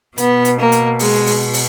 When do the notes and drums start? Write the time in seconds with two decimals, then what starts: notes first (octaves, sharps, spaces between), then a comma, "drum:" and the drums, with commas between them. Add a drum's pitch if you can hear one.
0.18 B2 B3, drum: hi-hat
0.45 drum: hi-hat
0.58 A#3
0.72 drum: hi-hat
0.99 G#3, drum: open hi-hat
1.26 drum: open hi-hat
1.53 drum: open hi-hat